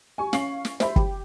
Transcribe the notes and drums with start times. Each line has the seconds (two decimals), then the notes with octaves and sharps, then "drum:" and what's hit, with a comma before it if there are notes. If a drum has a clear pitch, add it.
0.18 G#5 C#6
0.33 C#4 F5 C#6 C7 F#7, drum: snare
0.65 drum: snare
0.80 C5 E5 B5, drum: snare
0.96 G4, drum: kick